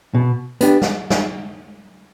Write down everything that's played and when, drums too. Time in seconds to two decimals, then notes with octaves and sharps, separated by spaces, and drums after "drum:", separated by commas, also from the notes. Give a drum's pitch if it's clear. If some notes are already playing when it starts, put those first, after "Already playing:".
0.14 B2
0.61 B3 D4 G4, drum: hi-hat
0.82 drum: snare
1.10 drum: snare